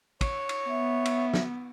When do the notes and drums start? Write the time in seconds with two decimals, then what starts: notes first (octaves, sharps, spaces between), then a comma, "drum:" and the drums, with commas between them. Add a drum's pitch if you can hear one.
0.21 C#5, drum: kick, cymbal
0.49 drum: cymbal
0.69 B3 E5
1.05 drum: cymbal
1.34 drum: snare